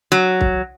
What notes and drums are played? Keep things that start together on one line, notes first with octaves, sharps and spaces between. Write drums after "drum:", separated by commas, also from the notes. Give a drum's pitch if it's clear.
F#3
drum: kick